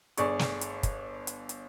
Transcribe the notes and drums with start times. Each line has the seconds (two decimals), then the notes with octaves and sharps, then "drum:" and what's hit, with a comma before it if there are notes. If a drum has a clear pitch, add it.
0.17 G1 G#4 D5 C#6, drum: hi-hat
0.39 drum: snare
0.61 drum: hi-hat
0.83 drum: kick, hi-hat
1.27 drum: hi-hat
1.49 drum: hi-hat